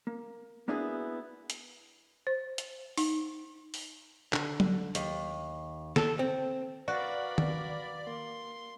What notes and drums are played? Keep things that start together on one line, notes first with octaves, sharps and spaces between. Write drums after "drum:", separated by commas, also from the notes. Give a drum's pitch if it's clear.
A#3
A#3 B3 D4 E4 F#4 G#4
drum: hi-hat
C5
drum: hi-hat
D#4, drum: open hi-hat
drum: open hi-hat
D3, drum: clap
drum: tom F#3
D#2, drum: hi-hat
A4, drum: snare
C4
F#4 A#4 B4 D5 F5 B5
drum: tom D#3
A#3 C6